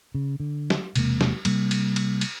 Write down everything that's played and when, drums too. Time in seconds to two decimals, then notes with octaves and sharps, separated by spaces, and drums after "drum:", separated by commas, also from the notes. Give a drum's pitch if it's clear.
0.15 C#3
0.40 D3
0.70 drum: snare
0.96 E1 C3 G#3 A#3, drum: cymbal
1.21 drum: snare
1.45 C3 G3 A#3, drum: cymbal
1.71 drum: cymbal
1.96 drum: cymbal
2.21 drum: cymbal